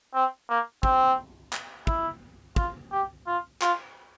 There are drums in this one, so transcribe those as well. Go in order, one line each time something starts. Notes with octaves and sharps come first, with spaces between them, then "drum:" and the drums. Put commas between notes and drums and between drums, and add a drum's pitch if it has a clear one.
C4
A#3
C4, drum: kick
drum: clap
E4, drum: kick
F4, drum: kick
G4
F4
F4, drum: clap